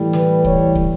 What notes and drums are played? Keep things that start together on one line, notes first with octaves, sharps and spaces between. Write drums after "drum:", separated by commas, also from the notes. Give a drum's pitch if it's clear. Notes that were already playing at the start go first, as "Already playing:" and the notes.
Already playing: A2 E3 G3
B4, drum: snare
C#5, drum: kick
drum: kick